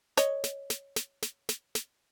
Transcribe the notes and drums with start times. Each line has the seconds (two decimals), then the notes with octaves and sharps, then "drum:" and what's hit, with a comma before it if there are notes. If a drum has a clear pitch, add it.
0.17 C#5 D#5, drum: snare
0.44 drum: snare
0.70 drum: snare
0.96 drum: snare
1.22 drum: snare
1.49 drum: snare
1.75 drum: snare